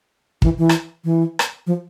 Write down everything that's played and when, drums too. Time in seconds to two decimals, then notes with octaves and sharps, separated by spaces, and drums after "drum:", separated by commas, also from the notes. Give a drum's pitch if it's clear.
0.42 E3, drum: kick
0.58 E3
0.69 drum: rim click
1.04 E3
1.39 drum: rim click
1.67 F3